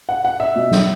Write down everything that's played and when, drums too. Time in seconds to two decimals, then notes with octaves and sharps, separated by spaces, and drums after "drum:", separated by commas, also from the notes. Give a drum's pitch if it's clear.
0.09 F#5
0.25 F#5
0.40 E5
0.56 B2
0.71 drum: snare